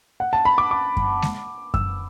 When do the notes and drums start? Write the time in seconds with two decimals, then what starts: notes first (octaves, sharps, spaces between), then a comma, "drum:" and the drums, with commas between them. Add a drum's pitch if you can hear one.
0.20 F#5
0.33 A5
0.45 B5
0.58 D6
0.71 D6
0.97 drum: kick F#2
1.22 drum: snare G#3
1.74 E6, drum: kick F#2